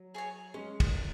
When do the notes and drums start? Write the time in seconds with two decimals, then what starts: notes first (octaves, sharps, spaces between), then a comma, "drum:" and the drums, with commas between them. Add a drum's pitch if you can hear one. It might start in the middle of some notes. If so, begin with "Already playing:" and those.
Already playing: F#3
0.14 G#4 C#5 G#5
0.54 G#3 C#4
0.80 drum: kick, cymbal